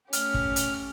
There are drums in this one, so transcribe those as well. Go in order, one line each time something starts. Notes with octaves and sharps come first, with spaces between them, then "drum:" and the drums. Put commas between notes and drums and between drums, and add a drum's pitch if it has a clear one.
A3 C#4 G4 F6, drum: hi-hat
drum: kick
drum: hi-hat